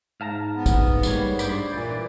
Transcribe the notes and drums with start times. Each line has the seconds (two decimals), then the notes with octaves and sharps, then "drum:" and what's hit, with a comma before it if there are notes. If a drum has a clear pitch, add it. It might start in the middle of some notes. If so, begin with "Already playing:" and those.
0.21 G#2 F5 A5 A#5
0.55 B3
0.66 drum: kick, tambourine
1.03 G3 A#3 C#5, drum: tambourine
1.39 G2 C5 D5 B5, drum: tambourine
1.72 A#2 E3 D5